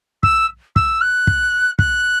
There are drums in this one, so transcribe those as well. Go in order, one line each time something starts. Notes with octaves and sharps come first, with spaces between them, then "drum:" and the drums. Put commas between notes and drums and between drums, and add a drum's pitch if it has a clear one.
E6, drum: kick
E6, drum: kick
F#6
drum: kick
F#6, drum: kick